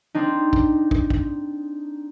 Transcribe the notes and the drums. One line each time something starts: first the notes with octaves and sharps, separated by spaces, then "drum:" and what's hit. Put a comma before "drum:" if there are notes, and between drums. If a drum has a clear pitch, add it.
C4 D4 D#4
drum: kick
drum: kick
drum: kick